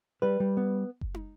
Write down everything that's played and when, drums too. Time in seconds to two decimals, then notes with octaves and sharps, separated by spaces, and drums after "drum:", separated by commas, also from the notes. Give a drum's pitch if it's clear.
0.22 G3 B4
0.40 G3
0.57 B3
1.01 drum: kick F#1
1.14 drum: tom